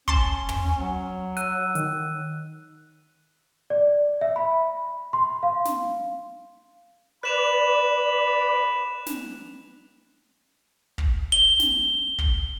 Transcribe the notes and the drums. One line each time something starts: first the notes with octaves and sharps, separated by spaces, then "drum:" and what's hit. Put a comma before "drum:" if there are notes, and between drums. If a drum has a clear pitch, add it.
C#4 A5 C6 G7, drum: kick
drum: tom
F#3
E6 F#6 D#7, drum: hi-hat
D#3, drum: hi-hat
D5
E5
B5
C6
F5
drum: snare
B4 D5 B5 F#6 E7 F7
drum: snare
drum: kick
G7
drum: snare
drum: kick